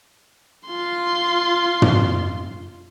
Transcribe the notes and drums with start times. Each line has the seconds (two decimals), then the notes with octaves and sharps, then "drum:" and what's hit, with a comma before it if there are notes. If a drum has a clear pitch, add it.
0.68 F4 C6
1.82 drum: tom